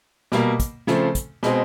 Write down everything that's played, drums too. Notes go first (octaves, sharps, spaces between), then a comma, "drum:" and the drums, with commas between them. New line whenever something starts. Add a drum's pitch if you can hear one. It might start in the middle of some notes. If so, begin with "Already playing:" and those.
B2 G3 A#3, drum: snare
drum: kick, hi-hat
C#3 F3 A3 C4, drum: snare
drum: kick, hi-hat
B2 G#3 C4, drum: snare